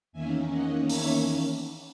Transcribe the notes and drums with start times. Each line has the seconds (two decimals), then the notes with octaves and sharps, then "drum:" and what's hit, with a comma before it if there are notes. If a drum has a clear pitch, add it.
0.12 E2 D#3 A#3 C#4 E5 G#5
0.51 D#5 F#5
0.90 C#5 E5, drum: open hi-hat